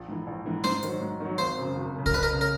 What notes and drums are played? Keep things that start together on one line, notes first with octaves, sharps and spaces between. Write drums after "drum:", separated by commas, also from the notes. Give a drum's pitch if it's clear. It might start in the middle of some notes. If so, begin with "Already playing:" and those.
Already playing: A#1
G#2 E3
A#1
G#2 E3
G#2 C5, drum: snare C#4
D#3 F#3, drum: hi-hat
G#2
D#3 F#3
G#1 C5
F#2 C#3
G#1
F#2 C#3
A#4, drum: kick C2
F#1 B4
A#4
C#3
A#4